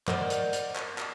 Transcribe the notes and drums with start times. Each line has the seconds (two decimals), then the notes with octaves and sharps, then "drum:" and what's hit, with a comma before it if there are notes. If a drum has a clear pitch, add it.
0.08 A#4 C5 D5 D#5 F#5, drum: clap
0.30 drum: hi-hat
0.53 drum: hi-hat
0.76 drum: clap
0.98 drum: clap